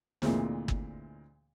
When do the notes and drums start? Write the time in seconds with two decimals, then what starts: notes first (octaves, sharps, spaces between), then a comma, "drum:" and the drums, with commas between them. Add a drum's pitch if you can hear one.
0.22 D2 A#2 E3 G#3 C4, drum: snare
0.68 drum: kick